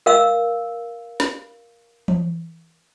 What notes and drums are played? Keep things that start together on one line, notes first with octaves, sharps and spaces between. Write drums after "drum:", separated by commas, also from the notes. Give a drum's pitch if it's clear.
A#4 F5 E6
drum: snare
drum: tom E3